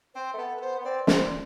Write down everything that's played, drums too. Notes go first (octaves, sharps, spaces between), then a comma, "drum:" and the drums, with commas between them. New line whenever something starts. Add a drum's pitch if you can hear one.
C4 C5
A3
B3 A4
B4
B3 C5
B3
C4 D5
D4 C5, drum: snare